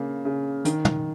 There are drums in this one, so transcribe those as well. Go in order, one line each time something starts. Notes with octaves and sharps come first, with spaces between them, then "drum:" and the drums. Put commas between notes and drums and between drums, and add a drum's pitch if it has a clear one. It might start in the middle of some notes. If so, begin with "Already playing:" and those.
Already playing: C#3 A#3
C#3
D#3, drum: hi-hat
drum: tom